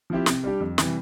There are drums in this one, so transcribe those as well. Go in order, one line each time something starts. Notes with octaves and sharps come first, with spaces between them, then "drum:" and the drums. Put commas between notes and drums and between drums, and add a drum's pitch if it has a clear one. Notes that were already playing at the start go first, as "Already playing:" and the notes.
F3 C4 E4 G4
C3, drum: snare
G3 D4 G4
F2
C3 E3 G3, drum: snare